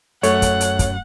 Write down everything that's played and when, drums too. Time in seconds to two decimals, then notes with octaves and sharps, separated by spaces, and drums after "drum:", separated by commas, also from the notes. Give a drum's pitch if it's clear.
0.23 F#2 A3 C#5 F#5, drum: hi-hat
0.42 drum: kick, hi-hat
0.61 drum: hi-hat
0.79 drum: kick, hi-hat